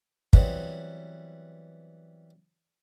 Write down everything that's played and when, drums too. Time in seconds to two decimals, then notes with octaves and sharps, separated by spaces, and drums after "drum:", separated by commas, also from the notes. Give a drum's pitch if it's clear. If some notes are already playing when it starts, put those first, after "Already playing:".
0.33 E3 F#3 G3 B3 C4, drum: kick